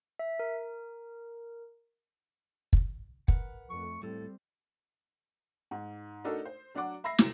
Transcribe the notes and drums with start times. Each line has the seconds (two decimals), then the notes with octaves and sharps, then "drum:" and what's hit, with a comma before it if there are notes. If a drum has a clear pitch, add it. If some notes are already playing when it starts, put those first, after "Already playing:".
0.19 E5
0.39 A#4
2.73 drum: kick
3.28 A#4 B4 F#5, drum: kick
3.70 F2 A3 C#6
4.03 A2 G3 C4 A4
5.71 G#2
6.24 A3 D4 D#4 F#4 A4 A#4
6.45 C5
6.75 F#3 D4 F#4 F#5 D6
7.04 E5 B5 E6 A#6 C7
7.18 F1 E7, drum: snare